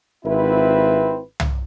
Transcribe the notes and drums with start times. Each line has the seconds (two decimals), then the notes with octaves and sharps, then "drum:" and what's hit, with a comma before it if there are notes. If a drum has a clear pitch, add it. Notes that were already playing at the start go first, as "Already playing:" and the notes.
0.24 G#1 C4 E4 F4 B4 E5
1.40 drum: tom